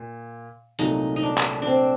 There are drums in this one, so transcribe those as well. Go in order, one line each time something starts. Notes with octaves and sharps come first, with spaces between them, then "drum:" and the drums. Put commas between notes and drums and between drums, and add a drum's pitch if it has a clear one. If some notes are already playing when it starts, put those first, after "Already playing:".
Already playing: A#2
C2 A#2 F#3 A3 D#4, drum: hi-hat
D#4
D4
drum: clap
D4
C4